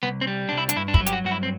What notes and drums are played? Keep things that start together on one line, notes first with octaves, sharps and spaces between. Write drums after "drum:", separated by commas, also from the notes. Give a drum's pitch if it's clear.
C2 B3
C4
G3
C2 D4
E4
D4, drum: hi-hat
G2 E4
D4
E4, drum: kick
F#3
G4, drum: hi-hat
F#4
G2 F#4
E4
C4